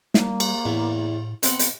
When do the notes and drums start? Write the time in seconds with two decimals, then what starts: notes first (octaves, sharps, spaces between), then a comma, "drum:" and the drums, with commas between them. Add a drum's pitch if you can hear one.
0.14 G3 A#3, drum: snare
0.40 drum: cymbal
0.65 E2 A2
1.43 B3 C4 F#5, drum: hi-hat
1.59 drum: hi-hat